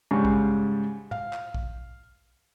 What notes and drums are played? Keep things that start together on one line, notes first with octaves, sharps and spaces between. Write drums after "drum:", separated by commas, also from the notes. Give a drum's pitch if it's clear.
G#2 C#3 G3 C#6
drum: kick A#1
F5, drum: tom
drum: clap
drum: kick A#1